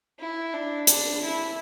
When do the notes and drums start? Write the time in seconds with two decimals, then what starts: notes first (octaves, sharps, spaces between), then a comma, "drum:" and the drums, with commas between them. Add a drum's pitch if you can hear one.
0.19 E4
0.54 D4
0.87 D4, drum: hi-hat
1.22 E4